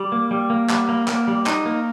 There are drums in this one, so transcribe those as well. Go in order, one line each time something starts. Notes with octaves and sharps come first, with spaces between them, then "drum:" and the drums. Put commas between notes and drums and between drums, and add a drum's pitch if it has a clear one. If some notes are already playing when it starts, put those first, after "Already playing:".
Already playing: G3
A#3
G3
A#3
G3, drum: clap
A#3
A#3, drum: clap
G3
D#4, drum: clap
A#3